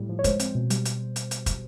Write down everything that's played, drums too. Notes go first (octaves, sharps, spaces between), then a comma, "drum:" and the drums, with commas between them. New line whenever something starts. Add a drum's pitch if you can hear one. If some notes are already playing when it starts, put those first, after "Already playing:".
Already playing: A2 G3
F3
C#5
G#3 C5, drum: kick, hi-hat
C4, drum: hi-hat
B2
G3, drum: hi-hat
drum: hi-hat
drum: hi-hat
drum: hi-hat
drum: kick, hi-hat